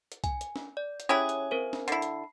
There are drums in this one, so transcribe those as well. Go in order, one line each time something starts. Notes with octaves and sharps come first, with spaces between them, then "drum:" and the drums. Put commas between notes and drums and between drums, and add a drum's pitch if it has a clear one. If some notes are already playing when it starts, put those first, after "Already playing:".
drum: hi-hat
G#5, drum: kick C2, hi-hat
drum: hi-hat
drum: snare C#4
D5
drum: hi-hat
C#4 E4 G4 G#4 C#5
drum: hi-hat
C4 A#4 C5
drum: snare C#4
D3 E4 C7, drum: hi-hat
drum: hi-hat